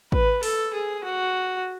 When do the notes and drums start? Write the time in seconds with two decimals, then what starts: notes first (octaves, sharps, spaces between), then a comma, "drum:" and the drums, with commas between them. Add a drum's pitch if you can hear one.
0.12 B4, drum: kick
0.43 A4, drum: open hi-hat
0.73 G#4
1.04 F#4